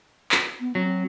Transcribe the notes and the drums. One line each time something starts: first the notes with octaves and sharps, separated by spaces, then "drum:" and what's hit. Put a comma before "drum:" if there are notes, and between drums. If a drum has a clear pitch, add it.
drum: clap
B3
F#3 C4